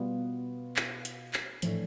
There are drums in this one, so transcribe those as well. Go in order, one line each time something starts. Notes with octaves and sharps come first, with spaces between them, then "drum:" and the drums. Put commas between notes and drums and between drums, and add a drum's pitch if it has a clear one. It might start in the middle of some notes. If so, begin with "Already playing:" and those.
Already playing: B2 G3 B3 F4
drum: clap
drum: hi-hat
drum: clap
A2 E3 F3 A3 D4, drum: hi-hat